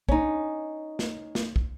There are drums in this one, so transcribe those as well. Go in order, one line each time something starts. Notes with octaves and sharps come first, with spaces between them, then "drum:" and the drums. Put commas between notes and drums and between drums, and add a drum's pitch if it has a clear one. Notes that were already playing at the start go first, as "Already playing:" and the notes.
C#4 D#4, drum: kick
drum: snare
drum: snare
drum: kick